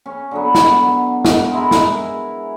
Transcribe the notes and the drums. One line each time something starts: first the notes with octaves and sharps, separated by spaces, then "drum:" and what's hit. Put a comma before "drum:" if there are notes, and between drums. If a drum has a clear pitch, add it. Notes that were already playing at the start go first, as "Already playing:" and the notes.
C#4
D3 F#3 B3
drum: snare
drum: snare
G#3 E4 A#4
drum: snare